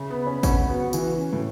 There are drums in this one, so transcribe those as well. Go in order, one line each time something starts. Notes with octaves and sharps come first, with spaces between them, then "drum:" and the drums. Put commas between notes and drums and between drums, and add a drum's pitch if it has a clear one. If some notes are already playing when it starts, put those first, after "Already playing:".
Already playing: C#3 E5
B3
B5
C#4
C#4 F#5, drum: kick G#1, tambourine
B3 F#4
E3 B4, drum: tambourine
C#4
A2